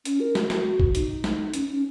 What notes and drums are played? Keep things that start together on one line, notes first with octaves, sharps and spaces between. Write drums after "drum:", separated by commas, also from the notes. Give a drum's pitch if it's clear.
C#4, drum: hi-hat
A#4
F#4, drum: snare
drum: snare
drum: kick A#1
D#4, drum: hi-hat
drum: snare
C#4, drum: hi-hat
C#4